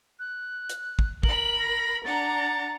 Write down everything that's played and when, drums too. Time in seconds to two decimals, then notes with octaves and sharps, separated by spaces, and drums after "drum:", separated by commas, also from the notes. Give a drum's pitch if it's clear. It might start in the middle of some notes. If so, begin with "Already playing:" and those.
0.19 F#6
0.69 drum: hi-hat
0.99 drum: kick
1.23 A#4 B5 F#7, drum: kick
1.59 A#6
2.05 D4 F#5 A#5 A6